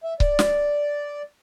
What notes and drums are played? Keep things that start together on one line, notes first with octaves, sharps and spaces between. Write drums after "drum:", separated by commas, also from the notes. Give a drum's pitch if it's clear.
E5
D5, drum: kick C#1
drum: snare